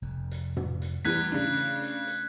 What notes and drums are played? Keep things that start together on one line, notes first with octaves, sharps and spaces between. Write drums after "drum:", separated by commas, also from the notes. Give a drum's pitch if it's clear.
F1 F2
drum: hi-hat
drum: tom
drum: hi-hat
E2 E3 G3 A3 F#6 G#6 B6, drum: hi-hat
C#3 D4
drum: hi-hat
drum: hi-hat
drum: hi-hat